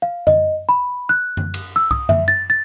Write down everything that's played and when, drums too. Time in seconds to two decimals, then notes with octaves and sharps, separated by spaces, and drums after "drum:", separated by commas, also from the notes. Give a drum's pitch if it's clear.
0.02 F5
0.27 D#5, drum: tom F#2
0.69 B5
1.09 F#6
1.37 drum: tom F#2
1.54 drum: cymbal
1.76 E6
1.91 D#6, drum: kick C2
2.09 E5, drum: tom F#2
2.28 A6
2.50 A6